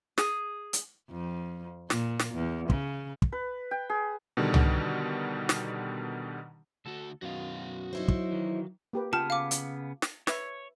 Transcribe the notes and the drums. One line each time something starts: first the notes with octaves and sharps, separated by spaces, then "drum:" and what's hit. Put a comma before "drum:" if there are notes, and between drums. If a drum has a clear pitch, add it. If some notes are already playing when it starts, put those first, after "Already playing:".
G#4, drum: snare
drum: hi-hat
F2
A#2, drum: snare
drum: snare
E2
C#3, drum: kick
drum: kick
B4
G5
G#4
B2 D3 D#3 G3
drum: tom C2
drum: snare
D2 F#4 A4
F#2 B2 D#3 F#4 F5
F#3 D#4 E4 C5
drum: kick
D#3 E3
A#3 G4 B4
C#3 B3 F4 G5 A5 F6
F5 D6
drum: hi-hat
drum: snare
B4 C#5 E5, drum: snare